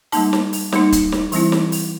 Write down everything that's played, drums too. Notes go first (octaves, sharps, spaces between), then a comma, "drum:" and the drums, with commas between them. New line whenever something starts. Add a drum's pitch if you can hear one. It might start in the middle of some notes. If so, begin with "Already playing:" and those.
G3 A#3 D#4 A5, drum: open hi-hat
drum: snare
drum: open hi-hat
G3 A#3 D#4, drum: snare
drum: kick, hi-hat
drum: snare
E3 G3 C4 E4, drum: open hi-hat
drum: snare
drum: open hi-hat